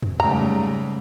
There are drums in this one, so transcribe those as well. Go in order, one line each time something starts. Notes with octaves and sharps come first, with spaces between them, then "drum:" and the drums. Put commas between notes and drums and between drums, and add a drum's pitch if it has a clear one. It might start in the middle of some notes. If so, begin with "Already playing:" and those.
drum: tom
G#2 C#3 G3 A3 A#5